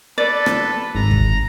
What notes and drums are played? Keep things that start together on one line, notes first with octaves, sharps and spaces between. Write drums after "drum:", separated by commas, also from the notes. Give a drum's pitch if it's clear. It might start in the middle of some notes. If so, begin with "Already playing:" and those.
A4 B4 D5
drum: rim click
G#1 A#5
drum: kick